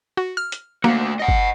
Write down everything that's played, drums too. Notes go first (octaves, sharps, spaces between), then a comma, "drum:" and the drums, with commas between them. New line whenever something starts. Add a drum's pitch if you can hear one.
F#4
F6
drum: hi-hat
A3 A#3 F#4, drum: snare
D#5 F#5
drum: kick G1